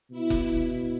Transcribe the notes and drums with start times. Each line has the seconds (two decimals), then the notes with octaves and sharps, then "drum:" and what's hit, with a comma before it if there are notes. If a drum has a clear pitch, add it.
0.11 B2 E4
0.30 drum: kick F1